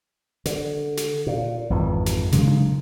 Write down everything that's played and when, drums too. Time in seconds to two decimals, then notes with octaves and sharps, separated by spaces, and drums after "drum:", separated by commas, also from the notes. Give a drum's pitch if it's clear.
0.45 D3, drum: snare
0.97 drum: snare
1.27 A#2
1.70 G#1 F2 E3
2.06 drum: snare
2.32 C#3 F#3 G#3 A#3, drum: snare
2.48 drum: tom D4